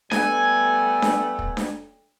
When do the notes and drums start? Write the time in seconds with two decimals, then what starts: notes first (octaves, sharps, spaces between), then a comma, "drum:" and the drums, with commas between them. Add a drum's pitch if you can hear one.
0.11 G3 A3 B3 G#5, drum: snare D4
1.02 drum: snare D4
1.39 drum: kick
1.57 drum: snare D4